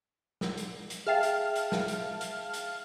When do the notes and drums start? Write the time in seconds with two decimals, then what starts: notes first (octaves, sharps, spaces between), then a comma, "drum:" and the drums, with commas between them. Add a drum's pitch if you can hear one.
0.41 drum: snare
0.58 drum: hi-hat
0.90 drum: hi-hat
1.07 G#4 E5 F5 G5 A5 F6
1.23 drum: hi-hat
1.56 drum: hi-hat
1.72 drum: snare
1.88 drum: hi-hat
2.21 drum: hi-hat
2.54 drum: hi-hat